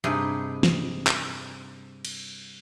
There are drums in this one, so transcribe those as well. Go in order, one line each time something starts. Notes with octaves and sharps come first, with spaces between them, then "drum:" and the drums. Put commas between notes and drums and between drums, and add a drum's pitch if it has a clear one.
G2 C3 D#4 G#4 B4 G5
drum: snare
drum: clap
drum: cymbal